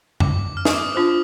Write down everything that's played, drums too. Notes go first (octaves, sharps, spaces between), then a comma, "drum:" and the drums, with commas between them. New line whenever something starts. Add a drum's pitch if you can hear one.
D6, drum: tom F2
F6
D#6, drum: snare
D6
D#6
D4 F4 C5 D#6